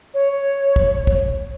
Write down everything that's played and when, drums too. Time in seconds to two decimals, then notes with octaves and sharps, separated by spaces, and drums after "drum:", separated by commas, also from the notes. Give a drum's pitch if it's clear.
0.14 C#5
0.76 drum: kick
1.07 drum: kick